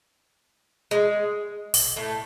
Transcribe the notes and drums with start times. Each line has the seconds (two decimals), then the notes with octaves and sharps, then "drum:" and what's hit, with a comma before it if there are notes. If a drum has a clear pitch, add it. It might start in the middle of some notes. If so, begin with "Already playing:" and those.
0.91 G#3
1.74 drum: open hi-hat
1.96 A2 A3